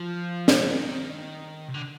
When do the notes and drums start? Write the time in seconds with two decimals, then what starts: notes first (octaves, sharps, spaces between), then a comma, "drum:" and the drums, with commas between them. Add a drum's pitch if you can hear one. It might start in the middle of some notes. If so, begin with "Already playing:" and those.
Already playing: F3
0.48 A#2, drum: snare
0.55 C3
0.62 D3
0.69 D#3
1.69 C3
1.74 D3